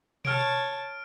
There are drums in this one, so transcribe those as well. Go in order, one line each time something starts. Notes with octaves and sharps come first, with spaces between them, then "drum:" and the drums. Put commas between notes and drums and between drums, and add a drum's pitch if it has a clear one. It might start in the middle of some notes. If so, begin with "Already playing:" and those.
C#5 A5 F6 D7, drum: tom B2